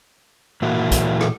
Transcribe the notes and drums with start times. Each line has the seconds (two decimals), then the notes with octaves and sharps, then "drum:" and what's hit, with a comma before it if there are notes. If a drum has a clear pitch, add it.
0.62 A#2 E3 A#3 E4 F#4
0.92 drum: kick, hi-hat
1.21 drum: rim click